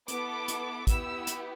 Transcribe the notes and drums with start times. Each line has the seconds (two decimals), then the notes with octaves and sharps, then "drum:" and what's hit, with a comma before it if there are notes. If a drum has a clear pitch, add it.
0.08 B3 E4 A4 D6, drum: hi-hat
0.48 drum: hi-hat
0.87 B3 E4 G4 E6, drum: kick, hi-hat
1.27 drum: hi-hat